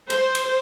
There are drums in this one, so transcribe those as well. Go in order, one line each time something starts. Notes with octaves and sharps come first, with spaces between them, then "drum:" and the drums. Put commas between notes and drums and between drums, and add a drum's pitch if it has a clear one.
C5, drum: cymbal
drum: cymbal